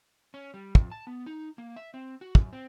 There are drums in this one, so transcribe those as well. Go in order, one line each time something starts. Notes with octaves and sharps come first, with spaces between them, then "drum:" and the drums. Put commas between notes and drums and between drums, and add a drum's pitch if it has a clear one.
C#4
G3
F2, drum: kick
A5
B3
D#4
A#3
E5
C4
F#4
F#2, drum: kick
C4